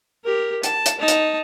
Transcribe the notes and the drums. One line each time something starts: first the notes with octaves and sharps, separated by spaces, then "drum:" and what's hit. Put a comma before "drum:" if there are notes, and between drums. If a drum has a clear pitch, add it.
G4 A#4
A5, drum: hi-hat
drum: hi-hat
D#4 A5
drum: hi-hat